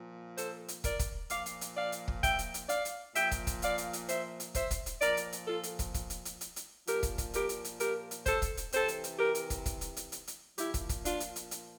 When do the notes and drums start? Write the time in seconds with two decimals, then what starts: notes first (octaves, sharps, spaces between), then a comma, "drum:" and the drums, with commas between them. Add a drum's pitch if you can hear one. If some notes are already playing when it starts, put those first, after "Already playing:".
Already playing: A#2 F3
0.38 A4 C5, drum: hi-hat
0.68 drum: hi-hat
0.84 A#4 D5, drum: kick, hi-hat
0.99 drum: kick, hi-hat
1.30 A#2 F3 D5 F5, drum: hi-hat
1.46 drum: hi-hat
1.61 drum: hi-hat
1.77 D5 F5
1.92 drum: hi-hat
2.08 drum: kick
2.23 E5 G5, drum: kick, hi-hat
2.39 drum: hi-hat
2.54 drum: hi-hat
2.69 D5 F5, drum: hi-hat
2.85 drum: hi-hat
3.15 A#2 F3 E5 G5, drum: hi-hat
3.31 drum: kick, hi-hat
3.47 drum: kick, hi-hat
3.62 D5 F5, drum: hi-hat
3.78 drum: hi-hat
3.93 drum: hi-hat
4.09 C5 E5, drum: hi-hat
4.40 drum: hi-hat
4.55 C5 E5, drum: kick, hi-hat
4.71 drum: kick, hi-hat
4.86 drum: hi-hat
5.01 A#2 F3 A#4 D5, drum: hi-hat
5.17 drum: hi-hat
5.32 drum: hi-hat
5.47 F4 A4
5.63 drum: hi-hat
5.79 drum: kick, hi-hat
5.94 drum: kick, hi-hat
6.10 drum: hi-hat
6.25 drum: hi-hat
6.41 drum: hi-hat
6.56 drum: hi-hat
6.87 A#2 F3 G4 A#4, drum: hi-hat
7.03 drum: kick, hi-hat
7.18 drum: kick, hi-hat
7.34 G4 A#4, drum: hi-hat
7.49 drum: hi-hat
7.65 drum: hi-hat
7.80 G4 A#4, drum: hi-hat
8.11 drum: hi-hat
8.26 A4 C5, drum: kick, hi-hat
8.42 drum: kick, hi-hat
8.57 drum: hi-hat
8.72 C3 E3 A4 C5, drum: hi-hat
8.88 drum: hi-hat
9.04 drum: hi-hat
9.19 G4 A#4
9.35 drum: hi-hat
9.50 drum: kick, hi-hat
9.66 drum: kick, hi-hat
9.81 drum: hi-hat
9.97 drum: hi-hat
10.12 drum: hi-hat
10.27 drum: hi-hat
10.58 A#2 F3 E4 G4, drum: hi-hat
10.74 drum: kick, hi-hat
10.89 drum: kick, hi-hat
11.05 D4 F4, drum: hi-hat
11.20 drum: hi-hat
11.36 drum: hi-hat
11.51 drum: hi-hat